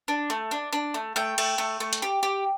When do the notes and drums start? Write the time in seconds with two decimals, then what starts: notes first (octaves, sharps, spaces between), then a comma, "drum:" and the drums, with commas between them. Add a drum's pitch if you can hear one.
0.08 D4
0.30 A3
0.51 D4
0.73 D4
0.94 A3
1.16 A3 G5
1.38 A3, drum: cymbal
1.58 A3
1.80 A3
1.93 drum: hi-hat
2.02 G4
2.23 G4